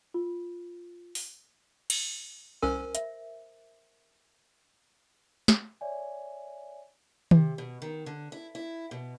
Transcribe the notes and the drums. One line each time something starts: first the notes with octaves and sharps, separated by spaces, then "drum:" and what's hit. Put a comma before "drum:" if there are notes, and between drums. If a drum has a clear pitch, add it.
F4
drum: open hi-hat
drum: cymbal
C2 C#4 A#4 C5 G#5
E5, drum: hi-hat
drum: snare
C#5 D5 E5 G#5
C3, drum: tom D#3
B2
D#3
D3
E4
E4
B2